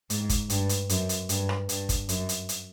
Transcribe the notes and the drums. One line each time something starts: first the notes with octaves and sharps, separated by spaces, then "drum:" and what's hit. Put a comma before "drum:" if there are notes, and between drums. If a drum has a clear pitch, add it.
G#2, drum: hi-hat
drum: kick, hi-hat
G2, drum: hi-hat
drum: hi-hat
F#2, drum: hi-hat
drum: hi-hat
G2, drum: hi-hat
drum: rim click
G2, drum: hi-hat
drum: kick, hi-hat
F#2, drum: hi-hat
drum: hi-hat
drum: hi-hat